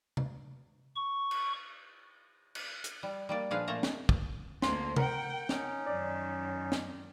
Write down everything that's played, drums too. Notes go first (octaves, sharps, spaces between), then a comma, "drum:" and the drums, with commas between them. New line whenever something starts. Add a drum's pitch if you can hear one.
drum: tom C3
C#6
drum: cymbal
drum: cymbal
drum: hi-hat
G3
G3 A#3 D5
A#2 F3 D4 G#4 B4 F5
A#2 A3 A#3 A5 A#5
drum: snare
drum: kick
D2 A#3 C6, drum: snare
A#4 F#5 G5, drum: tom C3
C#4 D#4, drum: snare
F#2 D#3 D5
drum: snare